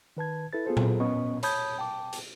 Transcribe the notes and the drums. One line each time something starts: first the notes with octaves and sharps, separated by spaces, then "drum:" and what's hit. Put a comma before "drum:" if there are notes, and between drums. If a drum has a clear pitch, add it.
D#3 B4 A5 G#6
E4 A4 B4 A6
B3 F4 G#4 A4 C5
drum: tom A#2
B3 C#4 D#5 C#6
C#5 A5 B5 D#6 G6 G#6, drum: hi-hat
G5 A5 D6
drum: hi-hat